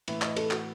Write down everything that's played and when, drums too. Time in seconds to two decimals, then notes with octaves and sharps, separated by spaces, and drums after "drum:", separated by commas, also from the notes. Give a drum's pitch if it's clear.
0.08 A2 E3 E5, drum: cymbal
0.22 D#5, drum: clap
0.37 A4, drum: cymbal
0.51 F#4, drum: clap